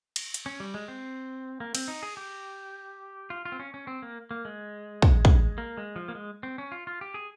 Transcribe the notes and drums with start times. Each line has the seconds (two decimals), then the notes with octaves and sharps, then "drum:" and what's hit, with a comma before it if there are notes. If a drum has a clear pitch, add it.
0.16 drum: cymbal
0.34 drum: hi-hat
0.46 C#4
0.60 G3
0.74 G#3
0.88 C4
1.60 A#3
1.75 C4, drum: cymbal
1.88 D#4
2.03 G#4
2.17 G4
3.30 F4
3.45 F4
3.52 C4
3.59 C#4
3.74 C#4
3.87 C4
4.02 A#3
4.31 A#3
4.45 G#3
5.02 drum: kick
5.25 drum: kick
5.58 A#3
5.77 G#3
5.96 F3
6.08 A#3
6.15 G#3
6.43 C4
6.58 C#4
6.72 F4
6.87 F4
7.01 G4
7.14 G#4